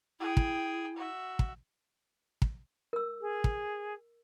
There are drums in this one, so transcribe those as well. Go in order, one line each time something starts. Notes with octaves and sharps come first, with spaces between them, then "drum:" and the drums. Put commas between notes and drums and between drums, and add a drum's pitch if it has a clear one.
E4 G#4 G5
drum: kick
F#4 E5
drum: kick
drum: kick
A#4 E6
G#4
drum: kick